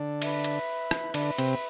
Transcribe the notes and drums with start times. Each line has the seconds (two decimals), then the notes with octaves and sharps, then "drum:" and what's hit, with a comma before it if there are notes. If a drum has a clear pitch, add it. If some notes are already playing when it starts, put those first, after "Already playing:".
Already playing: D3 D4
0.22 B4 E5 B5, drum: cymbal
0.44 drum: cymbal
0.91 drum: rim click
1.14 D3 D4 B4 E5 B5, drum: cymbal
1.38 C3 C4, drum: cymbal